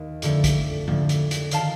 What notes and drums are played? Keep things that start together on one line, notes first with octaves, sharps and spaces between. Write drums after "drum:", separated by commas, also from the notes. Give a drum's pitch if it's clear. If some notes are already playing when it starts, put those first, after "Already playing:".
Already playing: D#2
F2 D3 A3, drum: hi-hat
drum: kick, hi-hat
F2 D3 A3, drum: tom G#2
drum: hi-hat
drum: hi-hat
D#3 F5 A5, drum: hi-hat